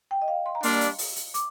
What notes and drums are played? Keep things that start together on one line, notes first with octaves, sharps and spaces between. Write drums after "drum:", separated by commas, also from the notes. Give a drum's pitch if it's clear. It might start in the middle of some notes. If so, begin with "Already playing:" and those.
G5
D#5
F5
C6
A#5
G3 A#3 D4 C6, drum: open hi-hat
drum: hi-hat
drum: open hi-hat
drum: hi-hat
D6, drum: hi-hat